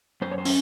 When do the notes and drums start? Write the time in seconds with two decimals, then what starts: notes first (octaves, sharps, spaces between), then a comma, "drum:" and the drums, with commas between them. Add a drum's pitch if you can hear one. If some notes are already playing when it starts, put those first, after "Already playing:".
0.22 F#2 C5
0.32 C#5
0.38 C5
0.45 C#4, drum: open hi-hat